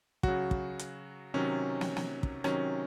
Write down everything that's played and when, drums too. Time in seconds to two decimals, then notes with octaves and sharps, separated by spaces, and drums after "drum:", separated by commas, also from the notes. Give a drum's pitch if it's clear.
0.23 C#3 F#3 F#4, drum: kick
0.51 drum: kick
0.79 drum: hi-hat
1.34 C3 D#3 F#3 C#4
1.81 drum: snare
1.97 drum: snare
2.23 drum: kick
2.44 C3 D#3 F#3 C#4, drum: rim click